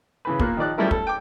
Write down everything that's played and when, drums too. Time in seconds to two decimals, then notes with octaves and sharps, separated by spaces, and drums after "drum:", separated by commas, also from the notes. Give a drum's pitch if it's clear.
0.25 C#3 E3 B4
0.40 A#2 A#3 F#6, drum: kick
0.57 D#3 F3 D5 F#6
0.78 F3 G3 A3 C#4 E4 A#4
0.91 A4, drum: kick
1.07 G5 D6